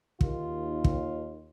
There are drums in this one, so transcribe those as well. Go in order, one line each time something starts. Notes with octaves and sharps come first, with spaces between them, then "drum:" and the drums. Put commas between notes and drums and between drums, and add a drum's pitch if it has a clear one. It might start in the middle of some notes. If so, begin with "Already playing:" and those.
D#2 F4, drum: kick
drum: kick